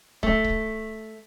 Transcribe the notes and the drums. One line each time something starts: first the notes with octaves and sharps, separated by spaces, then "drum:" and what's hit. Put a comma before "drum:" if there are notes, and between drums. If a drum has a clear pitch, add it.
A3, drum: kick
drum: kick